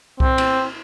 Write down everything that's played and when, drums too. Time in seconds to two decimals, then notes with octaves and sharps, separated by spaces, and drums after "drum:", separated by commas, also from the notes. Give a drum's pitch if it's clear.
0.20 C4, drum: kick C2
0.38 drum: cymbal